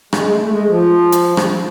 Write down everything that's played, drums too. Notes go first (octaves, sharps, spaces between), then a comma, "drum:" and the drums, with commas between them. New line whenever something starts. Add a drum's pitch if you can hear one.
G#3, drum: rim click
A3
A3
G#3
F3
drum: hi-hat
drum: rim click